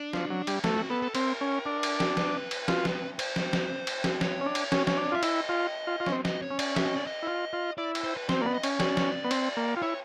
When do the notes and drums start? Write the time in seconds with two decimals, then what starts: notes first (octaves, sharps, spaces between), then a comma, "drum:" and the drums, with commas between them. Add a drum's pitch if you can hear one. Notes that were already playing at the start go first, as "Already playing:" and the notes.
Already playing: D4
0.13 F3, drum: snare
0.30 F#3
0.47 G3, drum: cymbal
0.64 A3, drum: snare
0.77 F#4
0.90 B3 A4
1.02 A4
1.15 C4 A#4, drum: cymbal
1.41 C#4
1.66 D4
1.83 drum: cymbal
2.00 drum: snare
2.17 B4, drum: snare
2.51 drum: cymbal
2.68 F4, drum: snare
2.85 drum: snare
3.19 C5, drum: cymbal
3.36 drum: snare
3.53 drum: snare
3.87 drum: cymbal
4.04 drum: snare
4.21 C#5, drum: snare
4.41 C#4
4.46 D4
4.55 drum: cymbal
4.72 C#4, drum: snare
4.87 C#4, drum: snare
4.97 D4
5.12 F4 E5
5.23 E4 D#5, drum: cymbal
5.49 F4
5.87 F4
6.00 F4
6.06 C#4, drum: snare
6.12 C4
6.25 D#5, drum: snare
6.42 C#5
6.51 C#4
6.59 D5, drum: cymbal
6.76 E5, drum: snare
6.86 D#5
6.97 D5
7.07 D#5
7.23 E4
7.27 F4
7.53 F4
7.78 E4 D5
7.95 drum: cymbal
8.04 C5
8.17 B4
8.29 C4 C5, drum: snare
8.42 A#3 B3 D5
8.54 D#5
8.63 C#4, drum: cymbal
8.80 D5, drum: snare
8.97 drum: snare
9.24 B3
9.31 C4, drum: cymbal
9.57 A#3
9.76 F4
9.82 E4 C#5